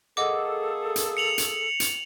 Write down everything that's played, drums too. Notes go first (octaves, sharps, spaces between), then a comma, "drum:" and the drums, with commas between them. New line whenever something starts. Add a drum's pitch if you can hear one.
A#3 G#4 A4 D#5 F#5 D6
drum: hi-hat
C#7 F7 F#7
drum: hi-hat
drum: hi-hat